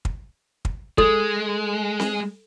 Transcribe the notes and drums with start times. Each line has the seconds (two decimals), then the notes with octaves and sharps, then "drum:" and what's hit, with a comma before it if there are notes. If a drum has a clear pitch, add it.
0.05 drum: kick
0.65 drum: kick
0.98 G#3 A4, drum: kick
2.00 drum: snare C4